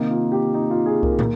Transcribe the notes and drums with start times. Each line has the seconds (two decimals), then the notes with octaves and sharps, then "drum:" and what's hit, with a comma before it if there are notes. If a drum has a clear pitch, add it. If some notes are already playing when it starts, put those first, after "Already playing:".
Already playing: C3 D#3 A#3 D#4
0.11 F4
0.32 G4
0.54 D#4
0.71 F4
0.86 G#4
1.03 A#4, drum: kick C2
1.19 A#2, drum: tom